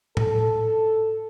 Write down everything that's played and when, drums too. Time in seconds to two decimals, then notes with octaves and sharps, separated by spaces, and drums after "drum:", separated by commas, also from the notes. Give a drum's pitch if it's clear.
0.17 A4, drum: tom A2